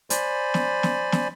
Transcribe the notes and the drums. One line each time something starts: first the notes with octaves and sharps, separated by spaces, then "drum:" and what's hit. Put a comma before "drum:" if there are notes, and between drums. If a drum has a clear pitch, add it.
C5 D5 G#5 B5, drum: hi-hat
drum: snare
drum: snare
drum: snare